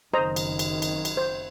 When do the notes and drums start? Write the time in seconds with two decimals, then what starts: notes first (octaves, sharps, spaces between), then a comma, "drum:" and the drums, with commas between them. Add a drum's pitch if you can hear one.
0.14 F#1 D#3 C4 C5 D#5 A#5
0.36 drum: cymbal
0.59 drum: cymbal
0.82 drum: cymbal
1.05 drum: cymbal
1.17 C5